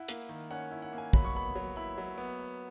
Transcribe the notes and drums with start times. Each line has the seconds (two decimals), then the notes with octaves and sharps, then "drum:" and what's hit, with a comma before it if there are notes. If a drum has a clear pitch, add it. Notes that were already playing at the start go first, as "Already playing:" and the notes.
Already playing: E4 F#5
0.08 A#3, drum: hi-hat
0.29 D#3
0.51 C#4 F#5
0.71 E4
0.82 F#5
0.93 A#3
0.98 G#5
1.13 F#3 B5, drum: kick
1.25 C#6
1.34 B3 B5
1.55 F#3
1.76 E4 B5
1.98 F#3
2.18 B3